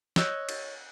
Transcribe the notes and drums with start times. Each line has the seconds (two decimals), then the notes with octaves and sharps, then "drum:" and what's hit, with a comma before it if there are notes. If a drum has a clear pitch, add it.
0.16 C#5 D#5 E6 F#6 G6, drum: snare
0.49 drum: cymbal